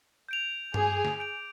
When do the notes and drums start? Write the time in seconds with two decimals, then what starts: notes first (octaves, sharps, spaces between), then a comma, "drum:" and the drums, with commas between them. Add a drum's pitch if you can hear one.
0.29 G6 D7 F7
0.74 G#4 D6, drum: tom G2
1.05 drum: snare
1.20 G6 D7 F7